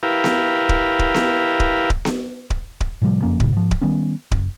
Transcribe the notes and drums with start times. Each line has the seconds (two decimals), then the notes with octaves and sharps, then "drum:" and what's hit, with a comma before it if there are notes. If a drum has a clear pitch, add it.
0.03 E4 G4 A#4 B4 F5
0.24 drum: snare B3
0.69 drum: kick D1
0.99 drum: kick D1
1.14 drum: snare B3
1.60 drum: kick D1
1.90 drum: kick D1
2.05 drum: snare B3
2.50 drum: kick D1
2.80 drum: kick D1
3.02 A2 C3 F3 G3
3.22 F#1 F2 A#3 C#4
3.40 B1 A2 C#3, drum: kick D1
3.52 G#2 F3
3.71 drum: kick D1
3.82 D#3 G3 B3 C#4
4.31 F#1, drum: kick D1